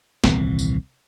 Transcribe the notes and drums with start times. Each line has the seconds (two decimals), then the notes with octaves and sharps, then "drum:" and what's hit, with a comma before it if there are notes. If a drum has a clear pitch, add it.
0.24 D#1 C2 E3 C4, drum: snare
0.59 drum: tambourine